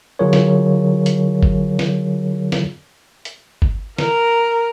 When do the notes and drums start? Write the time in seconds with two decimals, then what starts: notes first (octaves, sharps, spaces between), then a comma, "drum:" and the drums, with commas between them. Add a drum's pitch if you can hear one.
0.19 D3 F#3 F4 G#4 A#4 C#5
0.33 drum: snare
1.06 drum: hi-hat
1.43 drum: kick G1
1.79 drum: snare
2.52 drum: snare
3.25 drum: hi-hat
3.62 drum: kick G1
3.98 A#4, drum: snare